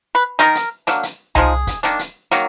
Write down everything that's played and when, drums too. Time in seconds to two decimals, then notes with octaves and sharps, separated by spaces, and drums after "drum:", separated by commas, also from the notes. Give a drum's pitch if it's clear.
0.15 B4
0.39 D#3 G#3 D#4 A#4, drum: hi-hat
0.55 drum: hi-hat
0.87 F#3 A#3 D4, drum: hi-hat
1.03 drum: hi-hat
1.35 F3 G#3 D#4 G#4, drum: tom C2
1.67 drum: kick, hi-hat
1.83 D#3 A#3 D4, drum: hi-hat
1.99 drum: hi-hat
2.31 D#3 F#3 A#3, drum: hi-hat